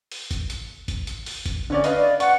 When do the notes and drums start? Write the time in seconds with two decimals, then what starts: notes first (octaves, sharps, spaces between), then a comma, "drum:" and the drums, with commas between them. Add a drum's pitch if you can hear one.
0.12 drum: open hi-hat
0.31 drum: kick, hi-hat
0.50 drum: hi-hat
0.88 drum: kick, hi-hat
1.07 drum: hi-hat
1.26 drum: open hi-hat
1.46 drum: kick, hi-hat
1.70 D3 C#4 D5
1.84 B4 D#5 F5, drum: hi-hat
1.97 D5
2.20 F#5 C#6, drum: hi-hat